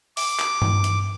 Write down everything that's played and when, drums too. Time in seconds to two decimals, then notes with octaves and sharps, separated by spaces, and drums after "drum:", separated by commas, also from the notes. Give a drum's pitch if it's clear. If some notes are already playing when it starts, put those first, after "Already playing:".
0.17 D6, drum: open hi-hat
0.39 drum: clap
0.62 drum: tom
0.84 drum: hi-hat